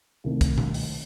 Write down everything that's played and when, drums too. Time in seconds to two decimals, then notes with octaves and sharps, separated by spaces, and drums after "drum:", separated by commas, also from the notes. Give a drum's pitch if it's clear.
0.24 C2 C3 D#3 A3
0.41 drum: kick, hi-hat
0.58 drum: tom B2
0.74 drum: open hi-hat